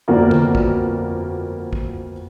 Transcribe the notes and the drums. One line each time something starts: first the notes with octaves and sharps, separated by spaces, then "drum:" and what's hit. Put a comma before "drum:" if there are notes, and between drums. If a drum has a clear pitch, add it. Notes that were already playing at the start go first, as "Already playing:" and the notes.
G1 F2 A#3 F#4 A#4 D5
drum: tom D3
drum: kick
drum: kick